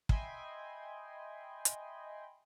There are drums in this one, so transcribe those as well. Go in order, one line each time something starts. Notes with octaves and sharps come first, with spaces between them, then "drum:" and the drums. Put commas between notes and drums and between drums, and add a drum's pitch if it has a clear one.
D#5 E5 G5 G#5 B5 C6, drum: kick
drum: hi-hat